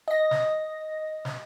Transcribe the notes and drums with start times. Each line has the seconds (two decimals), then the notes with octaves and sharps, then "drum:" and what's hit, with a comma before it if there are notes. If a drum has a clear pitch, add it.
0.08 D#5 A#6
0.31 drum: snare
1.25 drum: snare